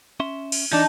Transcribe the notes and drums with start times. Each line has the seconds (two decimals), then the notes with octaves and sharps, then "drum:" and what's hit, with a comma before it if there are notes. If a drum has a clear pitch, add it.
0.20 C#4 E5 C6
0.52 drum: cymbal
0.73 E3 D4 D#4 A5